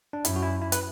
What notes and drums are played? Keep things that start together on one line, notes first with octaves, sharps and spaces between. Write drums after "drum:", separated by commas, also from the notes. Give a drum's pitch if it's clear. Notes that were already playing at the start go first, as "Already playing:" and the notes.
D4
F#2 E4, drum: hi-hat
F#4
E4
E4
B4, drum: hi-hat